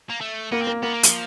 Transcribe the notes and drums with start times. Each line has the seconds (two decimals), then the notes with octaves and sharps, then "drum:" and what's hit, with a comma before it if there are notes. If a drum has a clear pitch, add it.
0.10 A#3
0.21 A3
0.52 A#3 B3
0.62 C4
0.67 A#3
0.83 A#3 B3
0.93 A#3
1.03 F3, drum: hi-hat